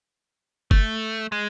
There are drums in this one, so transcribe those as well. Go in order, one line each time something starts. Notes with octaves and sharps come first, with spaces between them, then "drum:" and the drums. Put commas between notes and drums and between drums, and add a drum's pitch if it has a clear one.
A3, drum: kick F#1
G#3